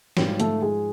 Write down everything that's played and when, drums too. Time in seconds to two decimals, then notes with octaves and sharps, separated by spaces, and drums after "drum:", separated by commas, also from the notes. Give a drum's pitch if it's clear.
0.17 G#2 F3 G3 G4, drum: snare
0.40 A3 A4, drum: hi-hat
0.62 G#3 G#4